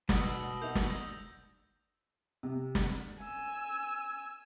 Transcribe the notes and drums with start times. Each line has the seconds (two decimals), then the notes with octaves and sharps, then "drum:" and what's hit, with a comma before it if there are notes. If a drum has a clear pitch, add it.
0.09 B2 F#5 D#6 E6 A#6, drum: snare
0.62 A#3 D#4 F#4 G6 F7
0.75 drum: snare
0.90 E6 A#6
2.43 C3
2.75 drum: snare
3.21 G#5 E6